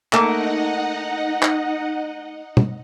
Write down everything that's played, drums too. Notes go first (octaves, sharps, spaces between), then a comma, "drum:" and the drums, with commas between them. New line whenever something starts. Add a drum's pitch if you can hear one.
A3 A#3 D#4 D#5 F#5, drum: clap
drum: clap
drum: tom